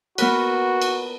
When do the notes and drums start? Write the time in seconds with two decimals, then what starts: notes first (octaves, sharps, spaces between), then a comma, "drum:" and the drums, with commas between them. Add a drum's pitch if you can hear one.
0.18 B3 F#4 A#4 B4, drum: cymbal
0.82 drum: cymbal